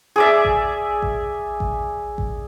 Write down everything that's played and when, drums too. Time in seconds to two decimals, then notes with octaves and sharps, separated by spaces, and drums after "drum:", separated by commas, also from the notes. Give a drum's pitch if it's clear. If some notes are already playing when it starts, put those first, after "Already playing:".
0.16 G#4 D5 E5
0.45 drum: kick A1
1.02 drum: kick A1
1.60 drum: kick A1
2.18 drum: kick A1